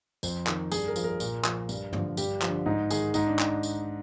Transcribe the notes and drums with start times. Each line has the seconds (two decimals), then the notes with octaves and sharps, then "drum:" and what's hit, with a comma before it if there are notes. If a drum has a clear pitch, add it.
0.23 F2 C5, drum: tambourine
0.47 D#3, drum: clap
0.72 G2 G#4, drum: tambourine
0.88 A#4
0.96 F3, drum: tambourine
1.04 A#4
1.20 A#2, drum: tambourine
1.45 F3, drum: clap
1.69 G2, drum: tambourine
1.93 D3 F3, drum: tom
2.17 G2 G4, drum: tambourine
2.42 D3 F3, drum: clap
2.66 G#2 D#4
2.90 D#3 G#4, drum: tambourine
3.14 G#2 D#4, drum: tambourine
3.27 D4
3.39 drum: clap
3.63 drum: tambourine